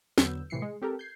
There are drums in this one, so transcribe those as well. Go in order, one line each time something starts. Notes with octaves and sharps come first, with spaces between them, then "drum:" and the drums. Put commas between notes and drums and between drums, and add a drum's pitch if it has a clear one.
E2 D3 F#3 B3 E6 G6, drum: snare
A2 C3 E3 C7 C#7
G#3
C4 G4 A4 A#4
G6 G#6 C7